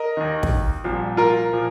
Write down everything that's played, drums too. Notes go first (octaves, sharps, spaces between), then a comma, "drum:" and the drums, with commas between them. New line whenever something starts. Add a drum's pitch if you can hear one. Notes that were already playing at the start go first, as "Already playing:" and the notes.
Already playing: A#4 D#5
D#2 D#3
drum: kick
C2 A#2 F3
F4 A#4
A#2 F3